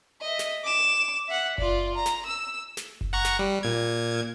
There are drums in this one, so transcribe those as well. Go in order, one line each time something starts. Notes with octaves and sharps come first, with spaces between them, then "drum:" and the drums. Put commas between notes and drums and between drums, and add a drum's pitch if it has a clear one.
D#5 E5
drum: snare
D6 E7
E5 F#5
F4 D5, drum: kick F#1
A#5
drum: snare
E6
drum: snare
drum: kick F#1
F#5 A#5 C#6
drum: snare
G3
A#2 G#6